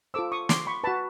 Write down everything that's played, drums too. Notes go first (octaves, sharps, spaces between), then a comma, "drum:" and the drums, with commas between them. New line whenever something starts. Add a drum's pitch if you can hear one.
F4 A4 C5 D6 E6
C#6 D#6
C6 D6, drum: snare
B5 C#6
F#4 B4 A5 B5